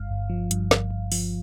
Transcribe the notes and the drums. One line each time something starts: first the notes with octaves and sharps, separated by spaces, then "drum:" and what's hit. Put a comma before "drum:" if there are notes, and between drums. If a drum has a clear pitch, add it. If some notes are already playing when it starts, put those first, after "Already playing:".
Already playing: G1 G2 F5
G1
F3
G2, drum: hi-hat
G1, drum: snare
G1
F3, drum: open hi-hat